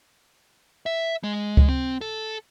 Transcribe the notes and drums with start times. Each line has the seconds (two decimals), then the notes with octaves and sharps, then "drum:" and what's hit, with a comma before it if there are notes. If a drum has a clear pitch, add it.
0.86 E5
1.24 G#3
1.57 drum: kick C#2
1.69 C4
2.01 A4